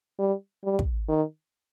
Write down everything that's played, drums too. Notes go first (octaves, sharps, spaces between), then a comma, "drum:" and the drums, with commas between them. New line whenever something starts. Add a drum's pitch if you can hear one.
G3
G3
drum: kick
D#3